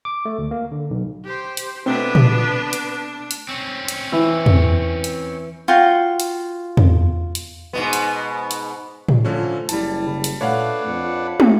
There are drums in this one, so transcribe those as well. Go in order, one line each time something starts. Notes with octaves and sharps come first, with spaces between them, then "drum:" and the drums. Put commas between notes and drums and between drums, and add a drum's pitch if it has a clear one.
D6
A3
D2
A#3
D3
B1
G4 C5
drum: hi-hat
B2 A3 B3 C4 D4 B4
drum: tom A#2
drum: hi-hat
drum: hi-hat
C4 C#4
drum: hi-hat
E3 E4
drum: tom E2
drum: hi-hat
F4 F#4 G5
drum: hi-hat
drum: tom E2
drum: hi-hat
G#2 B2 B3
drum: hi-hat
drum: hi-hat
drum: tom A2
D3 F3 A3 C#4 A4
F#1 G3 E4 A5, drum: hi-hat
C#3
drum: hi-hat
A#2 A3 D4 B4 C#5 F5 F#5
F2 C#7
drum: tom